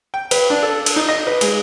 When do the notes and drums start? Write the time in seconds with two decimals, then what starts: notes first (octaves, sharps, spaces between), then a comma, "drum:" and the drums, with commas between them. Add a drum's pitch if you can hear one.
0.14 G5
0.31 B4, drum: cymbal
0.50 D4
0.63 A4
0.86 drum: cymbal
0.96 D#4
1.09 D#5
1.27 B4
1.41 G#3, drum: cymbal